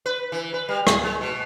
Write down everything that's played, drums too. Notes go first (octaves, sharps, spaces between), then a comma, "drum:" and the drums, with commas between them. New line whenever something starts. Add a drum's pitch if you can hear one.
B4
E3
B4
G3
G#4, drum: rim click
G#3
B2